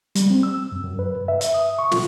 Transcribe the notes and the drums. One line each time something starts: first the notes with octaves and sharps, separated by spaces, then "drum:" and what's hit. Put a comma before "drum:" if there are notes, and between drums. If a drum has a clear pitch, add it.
G3, drum: hi-hat
C4
E6
F#2
F#2
B4
G2
E5
E5, drum: hi-hat
D#6
C#6
F4, drum: snare